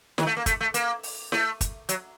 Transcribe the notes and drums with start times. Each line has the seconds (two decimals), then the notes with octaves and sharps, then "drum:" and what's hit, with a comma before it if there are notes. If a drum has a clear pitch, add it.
0.18 D#3, drum: snare
0.27 A3
0.37 A#3
0.46 A3, drum: kick, hi-hat
0.61 A3
0.74 A#3, drum: hi-hat
1.03 drum: open hi-hat
1.32 A3, drum: snare
1.61 drum: kick, hi-hat
1.89 F#3, drum: hi-hat